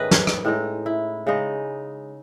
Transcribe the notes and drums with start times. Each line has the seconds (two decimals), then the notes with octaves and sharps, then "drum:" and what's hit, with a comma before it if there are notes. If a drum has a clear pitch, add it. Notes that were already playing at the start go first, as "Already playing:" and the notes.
Already playing: G#2 D#3 A3 C#4 B4 D#5
0.11 drum: snare
0.27 drum: rim click
0.45 A2 G#3 D#4
0.86 E4
1.27 C#3 G#3 D#4